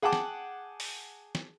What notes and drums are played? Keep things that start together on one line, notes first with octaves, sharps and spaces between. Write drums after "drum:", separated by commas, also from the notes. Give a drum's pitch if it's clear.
G#4 F#5 G5 A5 D6
drum: snare
drum: open hi-hat
drum: snare